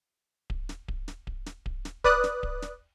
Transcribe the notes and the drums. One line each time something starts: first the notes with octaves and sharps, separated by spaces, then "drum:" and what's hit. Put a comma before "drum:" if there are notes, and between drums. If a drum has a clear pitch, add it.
drum: kick D1
drum: snare
drum: kick D1
drum: snare
drum: kick D1
drum: snare
drum: kick D1
drum: snare
B4 D5 D#6 F#6, drum: kick D1
drum: snare
drum: kick D1
drum: snare